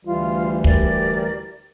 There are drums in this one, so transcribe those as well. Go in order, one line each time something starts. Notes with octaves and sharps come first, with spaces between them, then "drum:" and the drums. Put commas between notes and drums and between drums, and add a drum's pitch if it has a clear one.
D2 E3 G3 F4
G4 A#4 D5, drum: kick